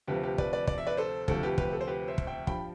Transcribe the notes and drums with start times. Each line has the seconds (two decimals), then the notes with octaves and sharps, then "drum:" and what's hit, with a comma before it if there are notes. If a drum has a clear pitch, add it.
0.07 D2 C3 F3 G4 B4
0.24 G4 B4
0.38 B4 D5, drum: kick
0.53 B4 D5
0.67 D5, drum: kick
0.78 E5
0.87 B4 D5
0.97 A4 C5
1.28 D2 C3 F3 A4, drum: kick
1.43 G4 B4
1.58 G4 B4, drum: kick
1.73 A4
1.81 C5
1.87 G4 B4
2.08 C5 E5
2.18 drum: kick
2.27 E5 G5
2.47 G2 F3 G5 B5, drum: kick